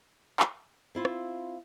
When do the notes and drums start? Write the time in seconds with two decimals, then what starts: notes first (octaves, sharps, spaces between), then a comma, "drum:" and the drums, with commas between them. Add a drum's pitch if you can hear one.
0.40 drum: clap
0.95 C4 E4 F4
1.05 drum: rim click